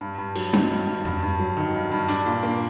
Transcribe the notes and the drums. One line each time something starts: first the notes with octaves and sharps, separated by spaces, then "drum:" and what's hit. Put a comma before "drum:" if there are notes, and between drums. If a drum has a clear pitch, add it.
G2
G2
F#3, drum: cymbal
D#3, drum: tom F#3
G2
G2
G2, drum: tom F2
G2
F#3
D#3
G2
G2
D4, drum: hi-hat
A#2
A#3